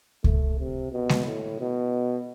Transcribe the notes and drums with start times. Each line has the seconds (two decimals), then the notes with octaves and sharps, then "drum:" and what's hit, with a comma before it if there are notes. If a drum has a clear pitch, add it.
0.24 A3, drum: kick C#2
0.59 C3
0.92 B2
1.09 drum: snare G#3
1.26 A2
1.60 B2